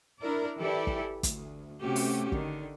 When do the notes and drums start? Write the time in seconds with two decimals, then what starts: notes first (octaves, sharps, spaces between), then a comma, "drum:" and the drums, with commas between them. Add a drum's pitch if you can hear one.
0.20 D4 E4 A#4 D5
0.59 E3 E4 G4 A4 D5
0.87 drum: kick
1.23 D2, drum: kick, hi-hat
1.81 C3 A3 C#4 F#4 G4
1.96 drum: open hi-hat
2.32 D3 D#3, drum: kick